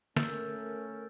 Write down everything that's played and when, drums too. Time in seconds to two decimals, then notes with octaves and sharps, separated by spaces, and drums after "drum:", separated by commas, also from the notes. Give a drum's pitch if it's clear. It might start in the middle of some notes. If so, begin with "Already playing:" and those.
0.17 A3 C#4 A#4 E6 G6 A6, drum: snare